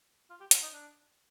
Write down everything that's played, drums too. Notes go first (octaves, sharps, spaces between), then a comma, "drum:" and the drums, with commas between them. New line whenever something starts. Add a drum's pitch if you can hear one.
F4
G4
F4, drum: hi-hat
D#4
D4